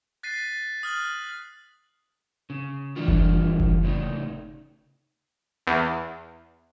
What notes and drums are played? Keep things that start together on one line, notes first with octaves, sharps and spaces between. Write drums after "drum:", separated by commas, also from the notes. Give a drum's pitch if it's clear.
F#6 A6 B6 C7 D#7
D#6 F6 F#6 F#7
C#3
D#3 E3 G3 D4 F4
drum: kick F#1
drum: kick F#1
A2 C#3 D#4
E2